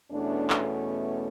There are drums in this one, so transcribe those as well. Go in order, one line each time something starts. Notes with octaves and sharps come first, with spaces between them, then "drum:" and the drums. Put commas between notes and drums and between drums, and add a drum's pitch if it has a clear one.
E2 B2 A3 C#4 D4
drum: clap